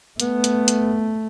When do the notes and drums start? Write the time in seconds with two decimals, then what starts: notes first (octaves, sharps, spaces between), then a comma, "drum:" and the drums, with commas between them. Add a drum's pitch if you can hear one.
0.20 A3 B3, drum: hi-hat
0.44 drum: hi-hat
0.68 drum: hi-hat